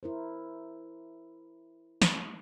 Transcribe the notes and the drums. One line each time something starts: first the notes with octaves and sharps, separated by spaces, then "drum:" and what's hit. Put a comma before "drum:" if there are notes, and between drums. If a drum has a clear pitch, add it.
E4 A#4 C5
drum: snare